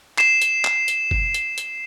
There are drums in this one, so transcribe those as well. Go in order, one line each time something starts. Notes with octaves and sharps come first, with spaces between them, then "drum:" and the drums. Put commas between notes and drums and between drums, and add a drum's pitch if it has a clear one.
C7 E7, drum: clap
drum: hi-hat
drum: clap
drum: hi-hat
drum: kick G1
drum: hi-hat
drum: hi-hat